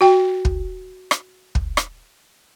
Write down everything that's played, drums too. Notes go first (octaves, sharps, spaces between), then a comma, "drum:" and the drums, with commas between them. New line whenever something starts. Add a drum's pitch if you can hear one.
F#4 G5
drum: kick
drum: rim click
drum: kick
drum: rim click